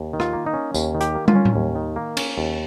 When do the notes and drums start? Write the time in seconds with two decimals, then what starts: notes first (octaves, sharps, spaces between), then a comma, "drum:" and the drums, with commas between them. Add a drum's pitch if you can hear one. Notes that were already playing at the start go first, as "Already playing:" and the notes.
Already playing: D#2
0.13 D#3
0.20 F4, drum: rim click
0.33 A#3
0.46 D#4
0.54 C#4
0.74 D#2, drum: tambourine
0.95 D#3
1.01 G4, drum: hi-hat
1.15 A#3
1.28 F4, drum: tom
1.35 C#4
1.45 drum: tom A2
1.56 D#2
1.75 D#3
1.96 A#3
2.17 C#4, drum: cymbal
2.38 D#2